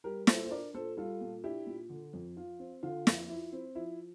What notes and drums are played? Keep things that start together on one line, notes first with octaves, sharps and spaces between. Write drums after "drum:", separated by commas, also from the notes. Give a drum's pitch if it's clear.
G3 G4 A#4
A#2 A4 C5, drum: snare
C5
D4 A#4 D5
A#2 A4 C5
G3 F4 A4
A#2
D4 E4 G4
A#2
D3
F2
F3 F4
C4
D3 F4
F2, drum: snare
F3 E4
C4
F3 E4